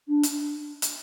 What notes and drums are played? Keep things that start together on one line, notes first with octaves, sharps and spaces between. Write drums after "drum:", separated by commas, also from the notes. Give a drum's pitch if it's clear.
D4
drum: hi-hat
drum: hi-hat